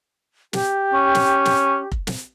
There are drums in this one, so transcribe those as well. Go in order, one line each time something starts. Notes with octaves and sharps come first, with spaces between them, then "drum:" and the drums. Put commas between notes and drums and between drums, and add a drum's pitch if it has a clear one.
G4, drum: snare
C#4
drum: snare
drum: snare
drum: kick F1
drum: snare